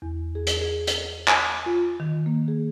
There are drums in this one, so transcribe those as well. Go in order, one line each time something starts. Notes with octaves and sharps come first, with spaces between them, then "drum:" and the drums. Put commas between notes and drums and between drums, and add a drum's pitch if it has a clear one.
E2
G#4
drum: hi-hat
G#4
drum: hi-hat
G#5, drum: clap
F4
D#3
A#3
G#4